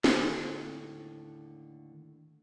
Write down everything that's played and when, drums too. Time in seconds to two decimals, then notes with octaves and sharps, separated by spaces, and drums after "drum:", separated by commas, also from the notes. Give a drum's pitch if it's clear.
0.04 D#2 A2 D3, drum: snare